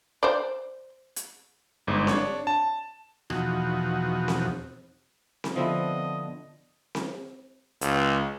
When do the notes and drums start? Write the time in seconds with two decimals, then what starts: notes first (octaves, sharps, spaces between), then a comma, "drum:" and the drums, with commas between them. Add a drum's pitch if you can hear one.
0.23 C5 D5
1.16 drum: hi-hat
1.87 G1 G#2
2.07 D4 C#5, drum: snare C4
2.47 A5
3.30 E2 B2 F3 D#4 F#4, drum: rim click
4.28 drum: snare C4
5.44 drum: snare C4
5.56 D3 F3 B3 C4 E4 D#5
6.95 drum: snare C4
7.81 C#2, drum: hi-hat